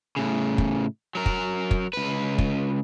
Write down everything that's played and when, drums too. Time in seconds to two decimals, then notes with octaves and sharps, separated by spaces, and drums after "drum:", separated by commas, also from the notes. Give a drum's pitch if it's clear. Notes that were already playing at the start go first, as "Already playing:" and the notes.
0.16 A2 C#3
0.58 drum: kick
1.15 F#3 A#4
1.26 drum: kick
1.71 drum: kick
1.93 C#2 B4
2.38 drum: kick